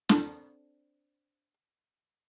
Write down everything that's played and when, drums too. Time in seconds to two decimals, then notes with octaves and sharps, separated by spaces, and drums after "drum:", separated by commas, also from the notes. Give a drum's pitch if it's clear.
0.09 C4 D4 A4, drum: snare